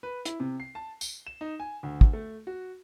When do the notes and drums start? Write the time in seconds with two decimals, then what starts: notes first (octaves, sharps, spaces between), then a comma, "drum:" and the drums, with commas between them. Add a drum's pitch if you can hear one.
0.03 B4
0.25 E4, drum: hi-hat
0.40 C3
0.60 C7
0.75 A5
1.01 G7, drum: tambourine
1.27 E7
1.41 D#4
1.60 G#5
1.83 D2
2.01 drum: kick
2.13 A3
2.47 F#4